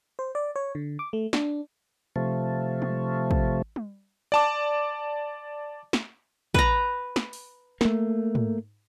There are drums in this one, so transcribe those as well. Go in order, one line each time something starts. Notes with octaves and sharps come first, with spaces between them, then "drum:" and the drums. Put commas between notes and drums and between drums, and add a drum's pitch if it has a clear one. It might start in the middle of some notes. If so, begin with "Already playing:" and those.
C5
D5
C#5
D3
D6
A3
D4, drum: snare
C3 F3 A3
drum: tom G3
drum: kick
drum: tom G3
D5 A5 D6
drum: snare
B4 A#5, drum: kick
drum: snare
drum: open hi-hat
A3 A#3, drum: snare
drum: tom G#2